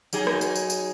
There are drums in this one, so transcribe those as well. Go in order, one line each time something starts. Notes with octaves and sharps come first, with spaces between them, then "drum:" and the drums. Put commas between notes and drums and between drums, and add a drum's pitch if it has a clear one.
F#3 D#4 G#4, drum: tambourine
drum: rim click
drum: tambourine
drum: tambourine
drum: tambourine